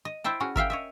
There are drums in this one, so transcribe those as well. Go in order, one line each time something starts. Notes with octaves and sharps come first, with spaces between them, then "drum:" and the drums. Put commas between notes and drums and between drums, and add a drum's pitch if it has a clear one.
D#5
E4 C5 E5 G5 A5
C#4 F#4 G#4
A#4 E5 F5 G5, drum: kick G1
C#5 D#5 E5